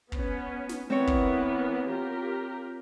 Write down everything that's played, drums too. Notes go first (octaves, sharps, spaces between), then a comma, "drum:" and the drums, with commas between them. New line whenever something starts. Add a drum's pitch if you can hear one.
B3 C#4, drum: kick
drum: snare
E3 B3 C4 A#4 C#5
drum: kick
F4 G4 A#4